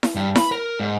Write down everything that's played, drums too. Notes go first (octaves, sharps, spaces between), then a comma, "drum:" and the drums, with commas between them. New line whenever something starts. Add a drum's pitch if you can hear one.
drum: snare E4
G2
B5, drum: snare E4
A#4
G#2